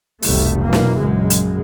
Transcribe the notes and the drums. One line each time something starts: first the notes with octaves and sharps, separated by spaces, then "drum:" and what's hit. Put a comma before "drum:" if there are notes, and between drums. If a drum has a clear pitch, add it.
F1 C2 B2 D#3 G3 A3, drum: open hi-hat
F#2 B2 E3 A#3
drum: snare
A#1 F#2 C#3 G#3
drum: hi-hat